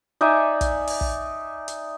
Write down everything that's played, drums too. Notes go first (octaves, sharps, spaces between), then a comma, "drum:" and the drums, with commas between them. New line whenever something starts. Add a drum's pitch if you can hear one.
D#4 D5 E5 G#5
drum: kick, hi-hat
drum: open hi-hat
drum: kick
drum: hi-hat